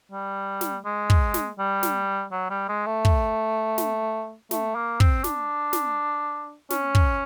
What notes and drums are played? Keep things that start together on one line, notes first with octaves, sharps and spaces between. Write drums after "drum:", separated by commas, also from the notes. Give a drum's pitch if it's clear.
G3
drum: snare
G#3
drum: kick
drum: snare
G3
drum: snare
F#3
G3
G#3
A3
drum: kick
drum: snare
A3, drum: snare
A#3
C4, drum: kick
D4, drum: snare
drum: snare
C#4, drum: snare
drum: kick